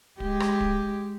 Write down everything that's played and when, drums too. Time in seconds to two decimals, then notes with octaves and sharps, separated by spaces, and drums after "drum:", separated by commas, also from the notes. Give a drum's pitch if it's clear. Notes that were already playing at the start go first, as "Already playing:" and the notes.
0.20 G#3 G4, drum: kick
0.40 drum: rim click
0.60 drum: kick